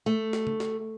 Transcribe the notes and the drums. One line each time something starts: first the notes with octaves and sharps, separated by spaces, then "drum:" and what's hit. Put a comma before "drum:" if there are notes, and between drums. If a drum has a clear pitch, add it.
A3
drum: snare
drum: tom C#3
drum: snare